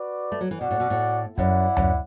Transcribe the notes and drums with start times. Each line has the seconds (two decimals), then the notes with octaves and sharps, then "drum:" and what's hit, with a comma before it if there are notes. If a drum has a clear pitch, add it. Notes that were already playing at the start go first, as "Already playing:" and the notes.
Already playing: F#4 B4 D5
0.32 A3
0.41 F#3
0.51 E3
0.61 B2 F#4 D5 F#5
0.71 A2
0.80 B2
0.90 A2
1.38 F#2 E4 D5 F#5, drum: kick
1.77 F#2, drum: tom D2